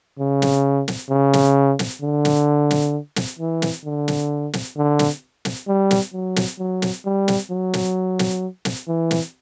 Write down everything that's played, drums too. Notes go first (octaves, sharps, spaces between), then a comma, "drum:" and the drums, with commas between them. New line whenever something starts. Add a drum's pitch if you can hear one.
C#3
drum: snare
drum: snare
C#3
drum: snare
drum: snare
D3
drum: snare
drum: snare
drum: snare
E3
drum: snare
D3
drum: snare
drum: snare
D3
drum: snare
drum: snare
G3
drum: snare
F#3
drum: snare
F#3
drum: snare
G3
drum: snare
F#3
drum: snare
drum: snare
drum: snare
E3
drum: snare